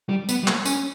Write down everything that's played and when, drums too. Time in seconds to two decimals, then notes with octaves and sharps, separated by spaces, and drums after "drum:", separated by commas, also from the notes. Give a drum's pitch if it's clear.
0.09 G3
0.29 B3, drum: tambourine
0.43 G3
0.47 A#3, drum: clap
0.65 C#4, drum: tambourine